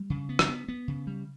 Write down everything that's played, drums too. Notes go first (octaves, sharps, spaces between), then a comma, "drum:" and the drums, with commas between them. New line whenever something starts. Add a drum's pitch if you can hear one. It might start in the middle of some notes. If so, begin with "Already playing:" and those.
Already playing: G3
C#3
B3
drum: rim click
B3
B3
C#3
G3